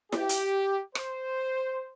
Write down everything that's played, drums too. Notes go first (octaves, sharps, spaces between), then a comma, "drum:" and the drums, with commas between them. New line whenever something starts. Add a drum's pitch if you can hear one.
G4, drum: snare E4
drum: hi-hat
C5, drum: rim click